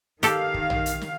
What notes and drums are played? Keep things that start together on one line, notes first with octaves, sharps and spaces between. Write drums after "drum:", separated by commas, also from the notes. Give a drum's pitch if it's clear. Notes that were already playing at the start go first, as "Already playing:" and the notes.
D#3 G4 A4 F5, drum: hi-hat
drum: kick
drum: tom A#1
drum: hi-hat
drum: snare